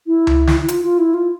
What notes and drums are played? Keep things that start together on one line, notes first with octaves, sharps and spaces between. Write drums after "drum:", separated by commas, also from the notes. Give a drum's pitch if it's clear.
E4
drum: tom C#2
drum: snare
E4
F4, drum: hi-hat
F4
E4
F4